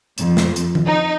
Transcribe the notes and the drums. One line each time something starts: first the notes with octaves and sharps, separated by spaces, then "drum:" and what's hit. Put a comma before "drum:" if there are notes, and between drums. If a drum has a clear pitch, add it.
F2, drum: hi-hat
drum: snare
drum: hi-hat
drum: tom D#3
D#4